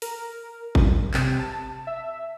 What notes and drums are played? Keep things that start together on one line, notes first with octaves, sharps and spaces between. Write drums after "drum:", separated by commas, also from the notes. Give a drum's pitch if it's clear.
A#4, drum: open hi-hat
G1, drum: kick G#1
C3, drum: clap
A5
E5